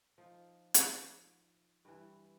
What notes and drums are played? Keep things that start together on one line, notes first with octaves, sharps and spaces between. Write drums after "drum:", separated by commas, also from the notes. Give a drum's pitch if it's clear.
F3 D#4
drum: hi-hat
G2 E3